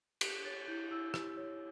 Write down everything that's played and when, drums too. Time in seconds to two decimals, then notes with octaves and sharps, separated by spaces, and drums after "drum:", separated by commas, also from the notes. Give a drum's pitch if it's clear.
0.21 G4 B6, drum: cymbal
0.44 C#5 A6
0.67 E4 G6
0.91 E4 E6
1.14 G4, drum: rim click
1.37 C#5